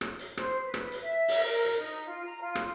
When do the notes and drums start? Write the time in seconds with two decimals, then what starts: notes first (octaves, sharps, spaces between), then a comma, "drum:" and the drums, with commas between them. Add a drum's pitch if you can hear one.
0.01 drum: rim click
0.19 drum: hi-hat
0.37 C5, drum: rim click
0.65 B4
0.74 drum: rim click
0.92 drum: hi-hat
1.02 E5
1.28 drum: open hi-hat
1.43 A#4
1.65 drum: hi-hat
1.77 D#4
2.06 F4
2.24 A#5
2.41 F4
2.55 drum: rim click